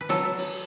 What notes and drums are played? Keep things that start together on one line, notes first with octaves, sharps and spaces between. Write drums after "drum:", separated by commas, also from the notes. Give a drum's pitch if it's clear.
B4
F#3 A4, drum: snare
drum: open hi-hat